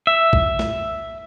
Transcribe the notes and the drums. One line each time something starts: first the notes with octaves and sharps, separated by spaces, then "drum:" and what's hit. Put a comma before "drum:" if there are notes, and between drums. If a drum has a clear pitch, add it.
E5
drum: kick A#1
drum: snare